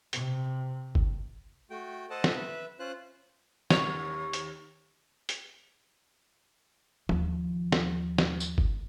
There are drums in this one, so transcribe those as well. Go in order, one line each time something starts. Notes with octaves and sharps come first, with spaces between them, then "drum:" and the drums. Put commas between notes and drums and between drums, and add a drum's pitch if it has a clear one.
C3, drum: hi-hat
drum: kick G1
A3 F#4 G5
A4 C5 D#5 F#5 A5
drum: snare
B4 E5
C#4 F4 C5 F#6
D#2 C#5, drum: snare
drum: hi-hat
drum: hi-hat
D#2 F3, drum: tom
drum: snare
drum: snare
drum: tambourine
drum: kick G1